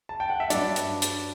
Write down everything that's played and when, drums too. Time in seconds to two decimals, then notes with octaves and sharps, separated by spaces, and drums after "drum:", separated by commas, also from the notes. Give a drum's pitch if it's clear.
0.09 A5
0.20 G5
0.30 F#5
0.40 E5
0.50 G2 F#3 D4 D5, drum: hi-hat
0.76 drum: hi-hat
1.02 drum: hi-hat